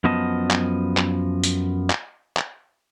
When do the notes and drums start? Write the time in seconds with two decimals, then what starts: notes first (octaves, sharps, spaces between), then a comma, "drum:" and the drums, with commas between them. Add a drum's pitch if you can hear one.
0.04 F#2 F3 B3 D#5 A5
0.51 drum: clap
0.97 drum: clap
1.44 drum: hi-hat
1.90 drum: clap
2.37 drum: clap